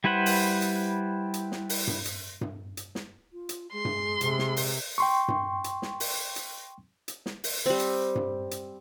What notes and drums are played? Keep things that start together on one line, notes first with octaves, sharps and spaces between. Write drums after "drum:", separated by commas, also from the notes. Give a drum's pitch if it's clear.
G3 E4 B4 C5 F#5
drum: open hi-hat
drum: hi-hat
drum: hi-hat
drum: snare
drum: open hi-hat
drum: tom G2
drum: hi-hat
drum: tom G2
drum: hi-hat
drum: snare
F4
drum: hi-hat
G#3 C6
drum: tom G2
C3, drum: hi-hat
drum: snare
drum: open hi-hat
G5 C6 C#6
drum: tom G2
drum: hi-hat
drum: snare
drum: open hi-hat
drum: hi-hat
drum: hi-hat
drum: snare
drum: open hi-hat
G3 C4
drum: hi-hat
drum: tom G2
drum: hi-hat